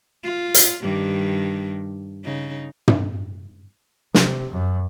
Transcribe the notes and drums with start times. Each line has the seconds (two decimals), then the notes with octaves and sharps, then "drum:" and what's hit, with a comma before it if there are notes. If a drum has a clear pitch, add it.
0.23 F4
0.54 drum: hi-hat
0.81 G2 D#3 G3
2.24 C#3 D#4
2.88 drum: tom
4.14 C3, drum: snare
4.50 F#2